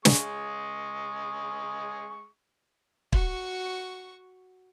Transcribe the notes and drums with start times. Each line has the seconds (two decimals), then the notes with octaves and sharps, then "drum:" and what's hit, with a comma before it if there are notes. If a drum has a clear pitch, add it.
0.05 G#3 G#4 C#6, drum: snare
3.13 F#4 C#6, drum: kick